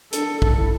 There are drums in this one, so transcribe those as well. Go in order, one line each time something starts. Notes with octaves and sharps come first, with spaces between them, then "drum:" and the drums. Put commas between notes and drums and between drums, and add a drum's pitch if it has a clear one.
D4 A4, drum: hi-hat
drum: kick
E4